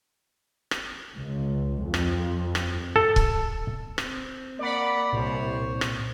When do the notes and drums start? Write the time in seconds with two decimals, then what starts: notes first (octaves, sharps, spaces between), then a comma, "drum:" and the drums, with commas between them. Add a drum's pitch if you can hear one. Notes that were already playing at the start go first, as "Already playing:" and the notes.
0.71 drum: rim click
1.16 C#2
1.82 F2
1.94 drum: rim click
2.55 drum: rim click
2.96 A4
3.16 drum: kick
3.98 C4, drum: rim click
4.59 A#3 D5 F#5 B5
5.13 C2 A#2 C5 C#5
5.81 drum: rim click